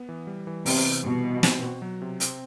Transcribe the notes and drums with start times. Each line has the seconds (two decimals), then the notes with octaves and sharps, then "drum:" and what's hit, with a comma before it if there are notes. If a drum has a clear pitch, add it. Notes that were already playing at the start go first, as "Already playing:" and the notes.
Already playing: B3
0.09 E3
0.27 G3
0.47 E3
0.66 C3 B3, drum: open hi-hat
0.86 E3
1.05 B2 G3
1.24 E3
1.43 C4, drum: snare
1.63 F#4
1.82 F#3
2.02 C3
2.20 C4, drum: hi-hat